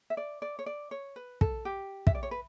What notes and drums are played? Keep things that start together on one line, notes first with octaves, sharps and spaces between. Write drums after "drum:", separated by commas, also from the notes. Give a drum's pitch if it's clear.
E5
D5
D5
C#5
D5
C#5
B4
A4, drum: kick
G4
E5, drum: kick
D5
C#5
B4